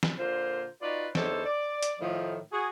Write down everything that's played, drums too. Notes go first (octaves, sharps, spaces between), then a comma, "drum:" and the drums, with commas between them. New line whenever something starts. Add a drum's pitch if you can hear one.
drum: snare
A#2 D3 F4 A#4 C5
D#4 F4 F#4 B4 D5
E2 D3 D#4 A4 C5 C#5, drum: snare
D5
drum: hi-hat
A2 D#3 F3
F#4 G#4